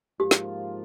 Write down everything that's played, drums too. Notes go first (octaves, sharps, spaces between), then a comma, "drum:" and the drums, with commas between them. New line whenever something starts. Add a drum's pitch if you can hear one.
G#2 F3 A#3 F4 G4
drum: snare